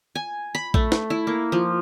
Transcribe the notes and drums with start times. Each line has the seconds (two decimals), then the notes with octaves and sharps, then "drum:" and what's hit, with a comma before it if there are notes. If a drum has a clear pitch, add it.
0.15 G#5
0.55 B5
0.74 A3, drum: kick A#1
0.92 drum: snare
1.10 E4
1.27 A#3
1.52 F3